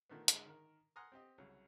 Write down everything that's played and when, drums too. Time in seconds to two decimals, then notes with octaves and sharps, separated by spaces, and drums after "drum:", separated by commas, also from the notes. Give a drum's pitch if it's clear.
0.09 A#2 D#3 A3 B3
0.28 G#2 D3 G#3, drum: hi-hat
0.46 D#3 A#4
0.96 F#5 G#5 A#5 C6 D#6 F6
1.12 C4 G4 D#5
1.38 C2 C#3 F#3